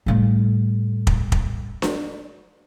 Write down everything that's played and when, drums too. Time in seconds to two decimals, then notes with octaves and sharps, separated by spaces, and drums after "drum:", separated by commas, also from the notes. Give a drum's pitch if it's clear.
0.06 A2 G3
1.07 drum: kick
1.32 drum: kick
1.82 drum: snare D4